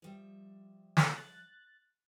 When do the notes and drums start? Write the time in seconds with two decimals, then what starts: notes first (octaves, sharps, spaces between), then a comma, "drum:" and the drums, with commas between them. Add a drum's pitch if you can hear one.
0.02 F3 G3 E5
0.97 drum: snare
1.17 F#6 A6